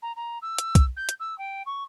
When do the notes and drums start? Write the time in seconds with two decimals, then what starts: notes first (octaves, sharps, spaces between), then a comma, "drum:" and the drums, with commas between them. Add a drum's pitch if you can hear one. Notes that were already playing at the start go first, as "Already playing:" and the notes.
0.02 A#5
0.16 A#5
0.42 E6
0.58 drum: hi-hat
0.75 drum: kick, hi-hat
0.96 G6
1.09 drum: hi-hat
1.20 E6
1.38 G5
1.66 C#6